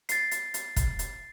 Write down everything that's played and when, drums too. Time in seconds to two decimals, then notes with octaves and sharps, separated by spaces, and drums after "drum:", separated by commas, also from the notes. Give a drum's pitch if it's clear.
0.09 A6 C7, drum: hi-hat
0.31 drum: hi-hat
0.54 drum: hi-hat
0.76 drum: kick, hi-hat
0.99 drum: hi-hat